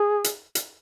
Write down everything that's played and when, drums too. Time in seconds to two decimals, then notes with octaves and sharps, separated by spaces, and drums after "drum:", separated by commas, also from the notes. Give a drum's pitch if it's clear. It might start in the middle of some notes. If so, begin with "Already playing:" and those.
Already playing: G#4
0.24 drum: hi-hat
0.55 drum: hi-hat